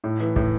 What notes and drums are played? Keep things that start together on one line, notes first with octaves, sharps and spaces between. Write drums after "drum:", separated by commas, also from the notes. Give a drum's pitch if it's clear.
A2
E3
A2, drum: kick